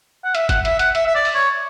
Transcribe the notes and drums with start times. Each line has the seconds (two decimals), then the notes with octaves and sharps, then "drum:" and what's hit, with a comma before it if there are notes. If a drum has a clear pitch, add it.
0.24 F#5
0.35 E5, drum: hi-hat
0.49 F#5, drum: kick, hi-hat
0.65 E5, drum: hi-hat
0.79 F#5, drum: hi-hat
0.95 E5, drum: hi-hat
1.07 E5
1.15 D5
1.25 drum: open hi-hat
1.35 C#5